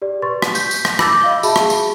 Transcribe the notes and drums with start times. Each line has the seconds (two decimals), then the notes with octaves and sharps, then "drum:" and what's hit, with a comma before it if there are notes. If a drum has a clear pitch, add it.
0.02 G4 D5
0.22 B4 C6 C#6 A6
0.42 drum: rim click
0.55 G6 B6, drum: tambourine
0.71 drum: tambourine
0.85 drum: rim click
0.99 B5 D6 E6 G6 A6, drum: rim click
1.22 D#5 F5 G7
1.43 F#4 G#4 E5 A5 B5, drum: tambourine
1.56 drum: rim click
1.70 drum: tambourine